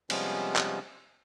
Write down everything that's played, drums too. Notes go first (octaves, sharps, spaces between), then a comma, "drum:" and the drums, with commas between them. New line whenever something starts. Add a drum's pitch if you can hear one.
C3 F3 G3 G#3 B3 C#4, drum: cymbal
drum: clap